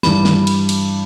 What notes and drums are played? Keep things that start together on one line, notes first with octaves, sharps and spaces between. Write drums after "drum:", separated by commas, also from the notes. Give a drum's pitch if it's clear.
G2 E3 G3 B5, drum: snare
drum: snare
drum: cymbal
drum: cymbal